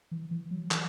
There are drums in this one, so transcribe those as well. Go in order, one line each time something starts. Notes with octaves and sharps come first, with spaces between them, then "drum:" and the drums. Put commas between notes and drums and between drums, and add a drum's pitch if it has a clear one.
E3
E3
F#3
E3, drum: clap